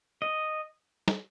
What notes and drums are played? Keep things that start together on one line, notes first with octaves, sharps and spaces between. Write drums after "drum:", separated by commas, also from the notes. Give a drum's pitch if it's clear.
D#5
drum: snare